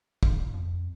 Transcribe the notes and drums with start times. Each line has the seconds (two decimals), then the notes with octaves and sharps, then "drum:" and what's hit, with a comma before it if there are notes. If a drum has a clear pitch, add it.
0.23 D1, drum: kick
0.54 F2